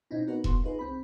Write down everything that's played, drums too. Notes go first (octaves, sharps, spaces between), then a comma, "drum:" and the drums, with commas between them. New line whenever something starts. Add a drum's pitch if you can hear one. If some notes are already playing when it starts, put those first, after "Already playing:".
B2 C4 C#4 D#4 E4
B3 D#4 F#4 A#4 B4
C2 B3 F#4 C6, drum: kick E1
D#4 F4 G#4 B4
C2 C4 B5